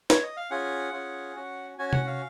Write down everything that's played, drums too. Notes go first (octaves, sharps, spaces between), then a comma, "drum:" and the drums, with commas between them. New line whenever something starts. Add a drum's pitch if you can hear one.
C#5, drum: snare
D#5
F5
C#4 F4 G#4 F#5
C#4 F4 G#4
C#4 F#4
C#4 F#4 G#5
G#5
F#5, drum: tom C3
F5